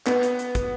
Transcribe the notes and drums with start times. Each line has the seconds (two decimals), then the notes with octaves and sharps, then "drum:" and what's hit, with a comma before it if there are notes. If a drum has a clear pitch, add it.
0.06 B3, drum: clap
0.23 drum: hi-hat
0.39 drum: hi-hat
0.55 drum: kick, hi-hat